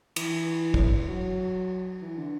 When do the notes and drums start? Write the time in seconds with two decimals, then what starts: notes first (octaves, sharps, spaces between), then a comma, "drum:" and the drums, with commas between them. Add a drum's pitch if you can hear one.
0.16 E3, drum: cymbal
0.74 drum: kick
1.08 F#3
2.02 E3
2.17 D3